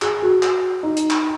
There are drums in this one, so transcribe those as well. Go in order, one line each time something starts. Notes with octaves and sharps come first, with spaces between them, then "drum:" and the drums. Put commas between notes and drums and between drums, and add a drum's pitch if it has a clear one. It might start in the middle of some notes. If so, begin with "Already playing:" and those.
G#4, drum: clap
F#4
drum: clap
D#4
drum: hi-hat
drum: clap